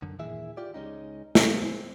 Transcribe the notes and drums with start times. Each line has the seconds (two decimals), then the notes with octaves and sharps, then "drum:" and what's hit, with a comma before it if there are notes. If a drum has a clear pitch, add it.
0.02 F#2 D3
0.19 D#2 A#2 E3 E4 G#4 E5
0.57 F4 G4 D5
0.74 C#2 G#3 C#4 D#4
1.35 E2 G#4, drum: snare
1.53 C4